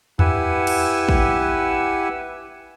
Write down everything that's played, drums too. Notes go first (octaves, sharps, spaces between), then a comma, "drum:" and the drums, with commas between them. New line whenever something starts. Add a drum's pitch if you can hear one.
E4 G4 B4 F#5 G#5 E6, drum: tom E2
drum: cymbal
drum: kick